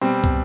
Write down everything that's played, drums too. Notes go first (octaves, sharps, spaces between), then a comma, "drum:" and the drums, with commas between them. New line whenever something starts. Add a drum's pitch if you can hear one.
B2 G3 C4
drum: kick